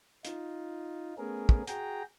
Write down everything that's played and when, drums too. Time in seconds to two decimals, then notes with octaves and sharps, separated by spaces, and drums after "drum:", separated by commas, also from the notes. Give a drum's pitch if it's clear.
0.25 D#4 F4, drum: hi-hat
1.18 A3 B3 C#4 G#4 A#4
1.49 drum: kick
1.67 F#4 G#4 G5 A#5, drum: hi-hat